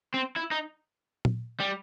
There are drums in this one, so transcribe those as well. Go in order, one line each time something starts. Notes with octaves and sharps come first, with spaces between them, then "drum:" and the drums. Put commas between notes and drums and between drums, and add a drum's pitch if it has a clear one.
C4
E4
D#4
drum: tom A#2
G3